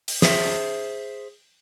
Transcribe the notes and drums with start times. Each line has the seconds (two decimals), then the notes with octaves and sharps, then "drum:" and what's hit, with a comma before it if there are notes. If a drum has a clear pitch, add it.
0.08 drum: open hi-hat
0.22 G#4 C5 E5, drum: snare